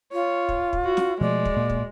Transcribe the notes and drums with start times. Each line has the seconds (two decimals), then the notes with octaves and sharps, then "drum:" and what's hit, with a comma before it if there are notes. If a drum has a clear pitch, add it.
0.13 F4 C#5
0.49 drum: kick
0.73 drum: kick
0.85 F#4
0.97 drum: snare
1.21 B2 F3 G#3 A3 D5
1.45 drum: kick
1.57 A#2 A#3
1.69 drum: kick